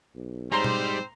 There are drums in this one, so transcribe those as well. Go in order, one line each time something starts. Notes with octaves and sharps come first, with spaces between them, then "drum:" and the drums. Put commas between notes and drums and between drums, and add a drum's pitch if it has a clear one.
B1
G#2 G3 C4 C5 A#5 C6
drum: tom B2